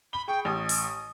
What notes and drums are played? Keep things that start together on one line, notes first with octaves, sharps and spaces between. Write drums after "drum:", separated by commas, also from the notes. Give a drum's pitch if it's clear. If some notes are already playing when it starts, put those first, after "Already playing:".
B5 G7
G#4 G5 C#6
A1 D#6
drum: open hi-hat